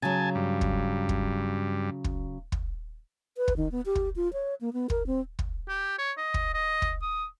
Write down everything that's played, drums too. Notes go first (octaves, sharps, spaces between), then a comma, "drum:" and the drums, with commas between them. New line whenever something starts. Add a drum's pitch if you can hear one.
C#3 F#3 G#5 A5
G2
drum: kick
drum: kick
drum: kick
drum: kick
B4
drum: kick
D#3
B3
G4
drum: kick
F4
C#5
A#3
B3
A#4, drum: kick
C4
drum: kick
G4
C#5
D#5
drum: kick
D#5
drum: kick
D#6